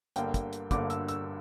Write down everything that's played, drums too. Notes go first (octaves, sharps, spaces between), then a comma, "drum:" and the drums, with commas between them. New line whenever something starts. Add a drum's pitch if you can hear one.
G1 G2 D3 A#3 G5, drum: hi-hat
drum: kick, hi-hat
drum: hi-hat
G1 G2 D3 A#3 D6, drum: kick, hi-hat
E6, drum: hi-hat
E6, drum: hi-hat